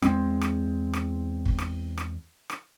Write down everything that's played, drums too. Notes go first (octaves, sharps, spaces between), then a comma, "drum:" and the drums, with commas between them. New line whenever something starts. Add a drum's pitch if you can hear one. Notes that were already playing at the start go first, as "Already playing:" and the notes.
E2 G#3 C4, drum: rim click
drum: rim click
drum: rim click
drum: kick
drum: rim click
drum: rim click
drum: rim click